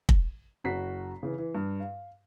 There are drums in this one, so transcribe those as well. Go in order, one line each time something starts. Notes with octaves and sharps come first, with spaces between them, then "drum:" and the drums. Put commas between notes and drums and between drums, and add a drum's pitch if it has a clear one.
drum: kick
F#1 F#4 B6 C7
C#3 E3
E3
G2
F5